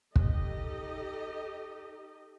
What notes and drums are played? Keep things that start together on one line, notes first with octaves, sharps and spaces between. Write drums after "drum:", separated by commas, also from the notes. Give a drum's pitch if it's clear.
D#4 G4 A4 D#5, drum: kick